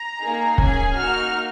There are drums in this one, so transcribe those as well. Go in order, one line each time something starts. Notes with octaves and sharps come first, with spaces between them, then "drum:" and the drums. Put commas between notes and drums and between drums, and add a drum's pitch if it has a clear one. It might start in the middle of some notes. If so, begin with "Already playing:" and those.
Already playing: A#5
A#3 D#4 G#4
C#4 G#4 G#5, drum: kick
A#3 D#4 F#4 F6